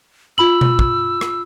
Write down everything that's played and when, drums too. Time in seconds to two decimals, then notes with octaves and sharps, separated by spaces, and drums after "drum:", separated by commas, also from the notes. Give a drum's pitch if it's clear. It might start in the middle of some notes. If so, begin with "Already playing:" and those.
0.38 F4 B5 E6 F#7
0.61 drum: tom B2
0.79 drum: kick
1.21 drum: rim click